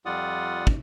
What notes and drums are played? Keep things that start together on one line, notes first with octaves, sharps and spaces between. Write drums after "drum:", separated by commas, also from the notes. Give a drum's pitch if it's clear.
F2 G3 F4 D5 F#5 D#6
drum: kick